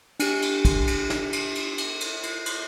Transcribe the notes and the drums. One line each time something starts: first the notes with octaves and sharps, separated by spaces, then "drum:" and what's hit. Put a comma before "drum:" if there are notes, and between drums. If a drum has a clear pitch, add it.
D4 G4, drum: cymbal
drum: cymbal
drum: kick, cymbal
drum: cymbal
drum: snare
drum: cymbal
drum: cymbal
drum: cymbal
drum: cymbal
drum: cymbal
drum: cymbal